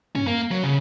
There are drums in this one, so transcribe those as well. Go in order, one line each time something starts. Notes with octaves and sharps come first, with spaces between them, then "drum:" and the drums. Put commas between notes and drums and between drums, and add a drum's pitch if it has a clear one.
C#4, drum: tom
A#3
F#3
C#3